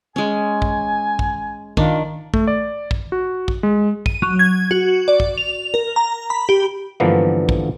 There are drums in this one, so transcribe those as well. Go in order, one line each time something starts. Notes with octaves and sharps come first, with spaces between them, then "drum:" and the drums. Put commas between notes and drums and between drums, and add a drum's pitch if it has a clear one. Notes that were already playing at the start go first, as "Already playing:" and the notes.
G#3 C#4 G#5
drum: kick
drum: kick
D#3 D4 F4, drum: kick
A3, drum: kick
D5
drum: kick
F#4
drum: kick
G#3
D#7, drum: kick
F#3
G#6
F#4
D5
drum: kick
F7
A#4
A#5
B5
G4
G2 D3 E3 F3 A#3 B3
drum: kick